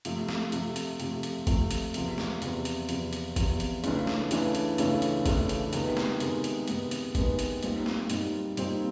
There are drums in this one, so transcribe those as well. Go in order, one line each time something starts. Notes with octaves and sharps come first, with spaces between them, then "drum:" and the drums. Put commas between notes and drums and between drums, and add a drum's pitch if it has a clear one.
C3 F3 A3, drum: hi-hat
drum: snare
C3 F3 A3, drum: hi-hat
drum: hi-hat
C3 F3 A3, drum: hi-hat
drum: hi-hat
C3 F3 A3, drum: kick, hi-hat
drum: hi-hat
E2 C3 F3, drum: hi-hat
drum: snare
E2 C3 F3, drum: hi-hat
drum: hi-hat
E2 C3 F3, drum: hi-hat
drum: hi-hat
E2 C3 F3, drum: kick, hi-hat
drum: hi-hat
C#2 C#3 E3 A3 D4, drum: hi-hat
drum: snare
C#2 C#3 E3 A3 D4, drum: hi-hat
drum: hi-hat
C#2 C#3 E3 A3 D4, drum: hi-hat
drum: hi-hat
C#2 C#3 E3 A3 D4, drum: kick, hi-hat
drum: hi-hat
C3 D#3 G#3 B3, drum: hi-hat
drum: snare
C3 D#3 G#3 B3, drum: hi-hat
drum: hi-hat
C3 D#3 G#3 B3, drum: hi-hat
drum: hi-hat
C3 D#3 G#3 B3, drum: kick, hi-hat
drum: hi-hat
A#2 G3 C4 D#4, drum: hi-hat
drum: snare
A#2 G3 C4 D#4, drum: hi-hat
A#2 G3 C4 D#4, drum: hi-hat